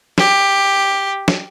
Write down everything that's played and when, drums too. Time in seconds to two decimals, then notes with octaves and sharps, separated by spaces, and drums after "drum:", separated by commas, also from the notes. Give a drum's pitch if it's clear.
0.18 G4, drum: snare
1.28 drum: snare